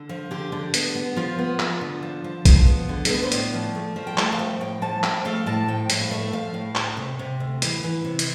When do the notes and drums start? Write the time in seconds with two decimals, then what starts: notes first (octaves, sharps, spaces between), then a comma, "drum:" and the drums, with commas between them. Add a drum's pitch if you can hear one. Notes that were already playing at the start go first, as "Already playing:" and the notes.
Already playing: D3
0.09 F3
0.31 D3 G4
0.52 D3
0.74 B3, drum: hi-hat
0.95 B3
1.16 F3 F4
1.38 B3
1.59 B3, drum: clap
1.81 D3
2.03 F3
2.24 F3
2.45 F3, drum: kick A#1, hi-hat
2.67 B3
2.89 D3
3.05 A4, drum: hi-hat
3.10 B3 B4
3.23 C5
3.32 A2 D5, drum: hi-hat
3.53 F3
3.75 A3
3.96 F3
4.07 G5
4.18 A3 F5, drum: clap
4.32 F5
4.39 F3 G5
4.61 A2 G5
4.82 F3 A5
5.03 F3 G5, drum: clap
5.25 A3 F5
5.46 A2 A5
5.68 F3 G5
5.90 A2 E5, drum: hi-hat
6.01 F5
6.11 A3 E5
6.33 F3 F5
6.54 A2
6.75 D2, drum: clap
6.97 C3
7.19 C3
7.40 D2
7.62 E3, drum: hi-hat
7.83 E3
8.05 C3
8.19 drum: hi-hat